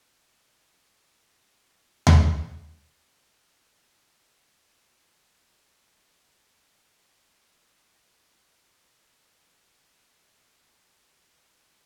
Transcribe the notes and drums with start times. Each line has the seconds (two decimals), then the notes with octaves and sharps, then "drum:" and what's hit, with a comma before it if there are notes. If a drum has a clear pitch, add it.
0.21 F4
0.55 G4
1.53 G3
2.07 drum: tom D#2
2.83 A#4
3.09 F5
3.23 E6
3.45 A4
3.61 G#5
3.92 D3
4.09 D#3
4.30 G4
4.49 C4
5.65 F5
7.98 A4
8.14 G4
8.26 G#5
8.39 B5
8.52 D#5
8.64 G3
8.85 G3
8.97 G#4
9.12 D#4
9.90 C5 C#5
10.87 E4 F#4 F#5 B5 E6